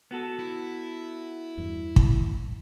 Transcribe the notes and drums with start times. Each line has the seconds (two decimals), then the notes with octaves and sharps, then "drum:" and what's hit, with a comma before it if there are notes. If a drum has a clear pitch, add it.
0.11 B3 F#4 A4
0.39 E4
1.57 E2 G2
1.96 drum: kick